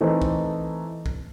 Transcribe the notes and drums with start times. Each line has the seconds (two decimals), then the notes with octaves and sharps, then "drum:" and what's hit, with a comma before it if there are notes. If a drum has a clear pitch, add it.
0.01 E3 A3 C4 D#4
0.22 drum: kick
1.06 drum: kick